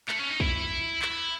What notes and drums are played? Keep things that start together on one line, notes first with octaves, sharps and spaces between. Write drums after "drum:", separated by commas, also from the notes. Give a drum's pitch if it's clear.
A3, drum: clap
C#4
D#4
E4, drum: kick
E4, drum: clap